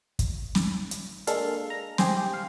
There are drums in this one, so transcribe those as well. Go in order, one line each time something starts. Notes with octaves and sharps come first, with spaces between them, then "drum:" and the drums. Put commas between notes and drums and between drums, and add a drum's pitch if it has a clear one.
drum: kick, hi-hat
drum: snare
drum: hi-hat
G#3 A#3 D4 A4 F5, drum: hi-hat
A#5
G4 G#4 C5, drum: snare
G4
F5